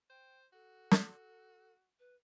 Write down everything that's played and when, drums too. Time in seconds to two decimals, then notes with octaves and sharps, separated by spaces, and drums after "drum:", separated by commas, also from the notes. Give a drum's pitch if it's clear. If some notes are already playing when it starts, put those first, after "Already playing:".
0.10 C5 G5
0.53 F#4 A4
0.91 drum: snare
1.99 B4